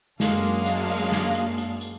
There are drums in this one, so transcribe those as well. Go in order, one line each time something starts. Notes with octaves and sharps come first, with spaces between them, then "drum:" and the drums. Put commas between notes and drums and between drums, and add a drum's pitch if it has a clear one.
F#2 F#3 G#3 A#3 D4 F5, drum: snare
drum: hi-hat
drum: hi-hat
drum: open hi-hat
drum: snare
drum: hi-hat
drum: hi-hat
drum: hi-hat